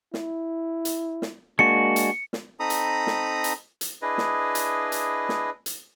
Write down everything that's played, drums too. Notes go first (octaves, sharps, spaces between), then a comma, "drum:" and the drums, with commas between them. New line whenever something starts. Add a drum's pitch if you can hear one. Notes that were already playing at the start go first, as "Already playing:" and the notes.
E4, drum: snare
drum: hi-hat
drum: snare
G#3 A#3 D4 F#4 C#7
drum: hi-hat
drum: snare
C4 D#4 A4 A#5 B5 D#6
drum: hi-hat
drum: snare
drum: hi-hat
drum: hi-hat
D4 E4 G#4 B4 D#5
drum: snare
drum: hi-hat
drum: hi-hat
drum: snare
drum: hi-hat